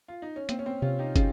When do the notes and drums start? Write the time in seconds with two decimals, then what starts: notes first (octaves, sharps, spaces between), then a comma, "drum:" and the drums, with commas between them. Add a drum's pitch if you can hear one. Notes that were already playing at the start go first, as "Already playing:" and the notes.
0.08 F4
0.22 D#4
0.36 C#4
0.49 A#3 C4, drum: hi-hat
0.59 C#4
0.66 C4
0.82 C3 C#4 F4
0.99 D#4 G4
1.16 C#4 F4 G#4, drum: kick, hi-hat